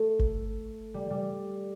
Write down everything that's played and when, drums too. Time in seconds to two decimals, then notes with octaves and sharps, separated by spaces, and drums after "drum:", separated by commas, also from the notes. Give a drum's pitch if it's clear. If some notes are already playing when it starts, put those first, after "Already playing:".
Already playing: A3
0.19 drum: kick G1
0.94 G3
1.10 G3